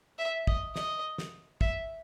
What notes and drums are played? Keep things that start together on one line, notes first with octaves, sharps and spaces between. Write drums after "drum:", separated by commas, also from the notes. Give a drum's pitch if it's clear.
E5
D#5, drum: kick
D#5, drum: snare
drum: snare
E5, drum: kick